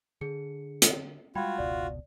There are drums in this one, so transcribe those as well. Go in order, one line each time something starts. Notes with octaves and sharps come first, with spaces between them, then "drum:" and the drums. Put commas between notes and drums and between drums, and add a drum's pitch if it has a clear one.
D3 G#4 C#7
drum: hi-hat
G3 G#3 F4 F#4 G5 B5 G#6
F1 C#2 B2 D5